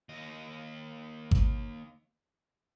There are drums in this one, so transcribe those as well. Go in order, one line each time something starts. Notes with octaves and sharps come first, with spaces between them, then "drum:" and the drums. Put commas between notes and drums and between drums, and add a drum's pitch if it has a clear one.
D#2 D#5
drum: kick G#1